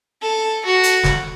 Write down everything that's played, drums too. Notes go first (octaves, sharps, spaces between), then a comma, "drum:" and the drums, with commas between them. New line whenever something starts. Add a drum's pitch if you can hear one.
A4
F#4
drum: hi-hat
drum: snare